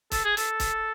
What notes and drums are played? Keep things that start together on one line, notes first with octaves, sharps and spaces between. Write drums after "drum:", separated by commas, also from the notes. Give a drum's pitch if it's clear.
A4, drum: kick, hi-hat
G#4
A4, drum: hi-hat
drum: kick, hi-hat